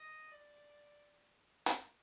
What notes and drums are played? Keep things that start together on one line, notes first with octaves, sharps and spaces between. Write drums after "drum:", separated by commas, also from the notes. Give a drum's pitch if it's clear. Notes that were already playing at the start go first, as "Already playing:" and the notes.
Already playing: D#5
D5
drum: hi-hat